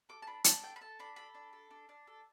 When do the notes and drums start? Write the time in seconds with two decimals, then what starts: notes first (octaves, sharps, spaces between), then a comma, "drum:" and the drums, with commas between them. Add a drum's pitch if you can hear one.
0.09 A4 D6
0.22 A5
0.27 D4 B5
0.44 D4 A5, drum: hi-hat
0.63 A4 G5
0.76 B5
0.81 A4 A5
0.99 D4 B5
1.16 A4 B5
1.35 D4
1.53 A4
1.71 D4
1.89 D4
2.07 A4